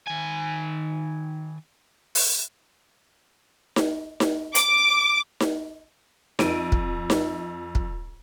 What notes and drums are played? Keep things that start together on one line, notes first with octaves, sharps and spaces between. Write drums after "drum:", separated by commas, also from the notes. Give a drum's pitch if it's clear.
D#3 G#5
drum: open hi-hat
drum: snare D#4
drum: snare D#4
D6, drum: hi-hat
drum: snare D#4
F2 D7 D#7, drum: snare D#4
drum: kick
drum: snare D#4
drum: kick